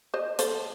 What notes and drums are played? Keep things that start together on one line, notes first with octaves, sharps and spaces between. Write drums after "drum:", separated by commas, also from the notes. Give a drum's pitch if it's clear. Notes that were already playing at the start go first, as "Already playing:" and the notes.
C5 D#5
A4 C5, drum: hi-hat